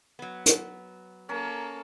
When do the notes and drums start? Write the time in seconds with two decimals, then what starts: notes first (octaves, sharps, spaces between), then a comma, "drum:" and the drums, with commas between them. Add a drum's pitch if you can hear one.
0.19 F#3 B3
0.46 drum: hi-hat
1.29 A#3 C#4 A4 A#4